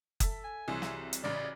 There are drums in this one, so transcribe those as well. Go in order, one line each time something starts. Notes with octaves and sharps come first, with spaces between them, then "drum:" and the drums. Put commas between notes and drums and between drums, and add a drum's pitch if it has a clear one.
A4 E5, drum: kick F#1, hi-hat
G#5
C2 E3 F#3 G#3 E6
drum: snare
drum: hi-hat
A1 C#3 A#4 B4 D5